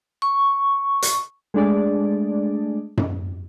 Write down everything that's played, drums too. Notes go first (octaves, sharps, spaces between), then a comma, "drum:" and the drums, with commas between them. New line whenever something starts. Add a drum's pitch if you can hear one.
C#6
drum: hi-hat
G#3 A3 D4 G#4 D5
drum: tom F#2